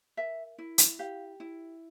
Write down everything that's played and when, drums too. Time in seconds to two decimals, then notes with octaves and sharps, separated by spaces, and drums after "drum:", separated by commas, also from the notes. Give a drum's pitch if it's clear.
0.17 A#4 E5
0.58 E4
0.78 drum: hi-hat
0.99 G4 F5
1.40 E4